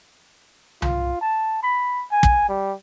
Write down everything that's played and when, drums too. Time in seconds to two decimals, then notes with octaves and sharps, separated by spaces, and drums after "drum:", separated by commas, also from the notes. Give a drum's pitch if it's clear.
0.82 F4, drum: tom C2
1.21 A5
1.63 B5
2.11 G#5
2.23 drum: kick
2.49 G3